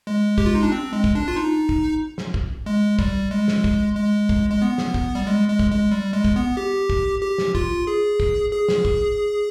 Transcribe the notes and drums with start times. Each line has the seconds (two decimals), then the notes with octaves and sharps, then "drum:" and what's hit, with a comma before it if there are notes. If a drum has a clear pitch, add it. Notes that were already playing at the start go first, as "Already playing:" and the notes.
0.07 G#3
0.38 G4, drum: kick
0.46 F4
0.55 D#4
0.63 D4
0.72 C4
0.93 G#3
1.04 drum: kick
1.15 D4
1.28 F4
1.36 D#4
1.69 drum: kick
2.18 drum: snare
2.34 drum: kick
2.66 G#3
2.99 G3, drum: kick
3.31 G#3
3.48 drum: snare
3.64 drum: kick
3.97 G#3
4.29 drum: kick
4.50 G#3
4.62 B3
4.78 drum: snare
4.94 drum: kick
5.15 G3
5.27 G#3
5.49 G#3
5.59 drum: kick
5.70 G#3
5.91 G3
6.13 G#3
6.24 drum: kick
6.36 B3
6.57 G4
6.90 drum: kick
7.22 G4
7.38 drum: snare
7.55 F4, drum: kick
7.87 G#4
8.20 drum: kick
8.53 G#4
8.68 drum: snare
8.85 drum: kick